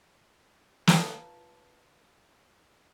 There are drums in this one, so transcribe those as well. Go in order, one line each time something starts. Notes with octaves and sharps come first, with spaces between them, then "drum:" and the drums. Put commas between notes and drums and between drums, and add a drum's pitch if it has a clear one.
F4 B4 C#5 F5 A5 A#5, drum: snare